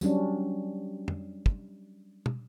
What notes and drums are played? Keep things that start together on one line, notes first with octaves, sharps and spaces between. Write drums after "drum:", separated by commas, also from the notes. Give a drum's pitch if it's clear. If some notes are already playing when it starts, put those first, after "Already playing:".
F#3 G3 C#4 D4, drum: tambourine
drum: tom
drum: kick
drum: tom